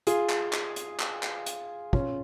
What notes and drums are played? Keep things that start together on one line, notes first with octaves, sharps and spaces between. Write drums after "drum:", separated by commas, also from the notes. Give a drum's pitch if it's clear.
F4 G#4, drum: hi-hat
drum: clap
drum: clap
drum: hi-hat
drum: clap
drum: clap
drum: hi-hat
C#4 F4, drum: kick